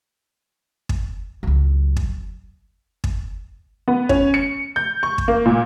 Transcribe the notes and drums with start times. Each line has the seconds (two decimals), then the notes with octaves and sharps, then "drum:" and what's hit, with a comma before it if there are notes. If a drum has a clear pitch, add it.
0.89 drum: kick
1.43 C#2 F#3
1.96 drum: kick
3.04 drum: kick
3.88 B3
4.09 C#4, drum: kick
4.34 C#7
4.76 G6
5.03 C#6
5.18 drum: kick
5.28 A#3
5.46 A#2